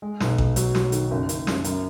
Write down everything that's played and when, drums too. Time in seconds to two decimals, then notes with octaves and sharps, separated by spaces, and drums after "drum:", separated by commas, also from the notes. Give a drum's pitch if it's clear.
0.02 G#3
0.20 B1, drum: snare
0.38 B1, drum: kick A1
0.56 F#3, drum: hi-hat
0.75 F#3, drum: snare
0.92 D#3, drum: hi-hat
1.11 F#1
1.29 F#1, drum: hi-hat
1.47 F#1, drum: snare
1.64 F#2, drum: hi-hat